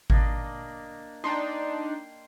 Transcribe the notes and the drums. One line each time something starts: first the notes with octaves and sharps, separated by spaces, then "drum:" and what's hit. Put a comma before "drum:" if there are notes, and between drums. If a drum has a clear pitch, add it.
A#3 D4 D#5, drum: kick G#1
D4 D#4 G5 C6